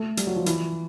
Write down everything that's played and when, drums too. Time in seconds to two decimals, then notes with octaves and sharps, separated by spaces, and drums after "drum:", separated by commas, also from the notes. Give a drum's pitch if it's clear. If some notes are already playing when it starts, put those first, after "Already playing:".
Already playing: A3
0.17 G3, drum: hi-hat
0.27 F#3
0.36 F3
0.46 E3, drum: hi-hat